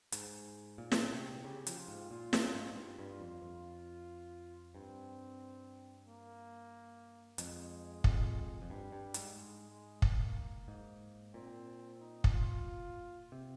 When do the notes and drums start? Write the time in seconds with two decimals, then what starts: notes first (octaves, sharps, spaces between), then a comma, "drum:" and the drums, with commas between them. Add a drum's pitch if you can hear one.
0.12 G#2, drum: hi-hat
0.78 A#2
0.92 drum: snare
1.11 C3
1.44 C#3 G4
1.67 F3, drum: hi-hat
1.77 F4
1.88 G#2
2.11 A#2 F4
2.33 A#2, drum: snare
2.54 G#2
2.76 G2 F4
2.98 G2
3.09 F4
3.20 F2
3.42 F2
4.75 G2 C4
6.07 A#3
7.38 F2 G#3, drum: hi-hat
8.04 F2, drum: kick
8.62 F2
8.70 G2 G3
8.92 G2
9.14 G#2, drum: hi-hat
9.36 G#3
9.69 G#3
10.02 A#3, drum: kick
10.68 G#2
11.34 A#2 C4
12.00 D#4
12.24 drum: kick
12.33 F4
13.32 C3